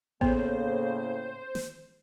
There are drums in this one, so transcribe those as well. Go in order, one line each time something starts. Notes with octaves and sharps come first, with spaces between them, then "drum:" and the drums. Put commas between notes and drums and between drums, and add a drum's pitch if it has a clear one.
A2 C#3 A#3 B3 C5, drum: kick A1
drum: snare